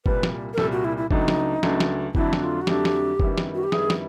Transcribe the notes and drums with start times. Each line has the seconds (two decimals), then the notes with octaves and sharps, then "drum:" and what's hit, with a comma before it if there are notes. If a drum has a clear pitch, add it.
0.06 C2 A#2 G3 B4, drum: kick
0.23 drum: snare
0.53 A#4
0.58 C2 A#2 G3 A4, drum: snare
0.72 F#4
0.84 E4
0.97 E4
1.11 C#2 C#3 F#3 A3 D4 D#4, drum: kick
1.28 drum: snare
1.63 C#2 C#3 F#3 A3 D4, drum: snare
1.80 drum: snare
2.15 F2 D3 F#3 A3 D4 E4, drum: kick
2.33 drum: snare
2.42 F4
2.62 F#4
2.67 F2 D3 F#3 A3 D4 G4, drum: snare
2.85 drum: snare
3.20 F#2 D#3 G3 B3 E4, drum: kick
3.38 drum: snare
3.55 F#4
3.64 G4
3.72 F#2 D#3 G3 B3 E4 G#4, drum: snare
3.90 drum: snare